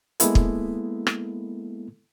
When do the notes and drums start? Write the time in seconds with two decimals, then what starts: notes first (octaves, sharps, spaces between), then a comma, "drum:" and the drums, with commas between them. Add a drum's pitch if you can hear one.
0.20 G#3 A#3 B3 E4 A4, drum: hi-hat
0.35 drum: kick
1.07 drum: rim click